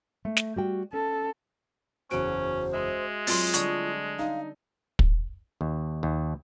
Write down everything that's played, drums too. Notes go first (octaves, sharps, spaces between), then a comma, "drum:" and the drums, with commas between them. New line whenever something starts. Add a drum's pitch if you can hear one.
A3
drum: snare
G3 F#4 G5
C#4 A4
F#1 E2 C#4 F#4 C5 D7
G#3 E5 C6 D#6
F#3 C4 F4 C6 D#6 A6, drum: open hi-hat
D3 G3 C#6 D#6, drum: hi-hat
D#4 F5
drum: kick
D#2
D#2